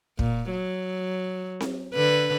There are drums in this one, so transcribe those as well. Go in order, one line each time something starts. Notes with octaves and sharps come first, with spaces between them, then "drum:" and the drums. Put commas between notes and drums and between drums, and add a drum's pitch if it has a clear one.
A#2, drum: kick
F#3
drum: snare C4
D3 B4